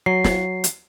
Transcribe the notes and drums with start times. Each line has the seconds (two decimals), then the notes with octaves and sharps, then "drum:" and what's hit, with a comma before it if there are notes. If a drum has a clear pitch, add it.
0.06 F#3 C7
0.24 drum: snare
0.64 drum: hi-hat